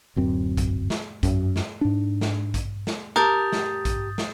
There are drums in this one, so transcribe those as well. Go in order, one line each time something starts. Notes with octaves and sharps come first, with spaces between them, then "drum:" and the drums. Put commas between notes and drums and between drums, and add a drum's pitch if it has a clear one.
D1 F#2 C4
drum: kick A#1, hi-hat
drum: snare
F#2, drum: kick A#1, hi-hat
drum: snare
G#2 D4
drum: snare
drum: kick A#1, hi-hat
drum: snare
G4 A#4 A5 D#6 G6 A6
drum: snare
drum: kick A#1, hi-hat
drum: snare